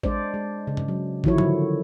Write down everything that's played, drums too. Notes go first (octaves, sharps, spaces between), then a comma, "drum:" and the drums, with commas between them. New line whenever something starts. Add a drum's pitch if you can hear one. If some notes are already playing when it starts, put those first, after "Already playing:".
G#3 D4 C5 D5, drum: kick A1
G#3
C#3
drum: tom G2
F#3
D3 D#3 F3 E4 F#4 C#5, drum: kick A1
D3 F#3, drum: tom G#2